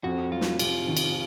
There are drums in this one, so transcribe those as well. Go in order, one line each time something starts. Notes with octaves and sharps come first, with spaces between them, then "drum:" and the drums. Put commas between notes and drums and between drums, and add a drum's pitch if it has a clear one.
F2 F#4
F#3 F4
drum: snare
C3 F4, drum: cymbal
D#3
drum: cymbal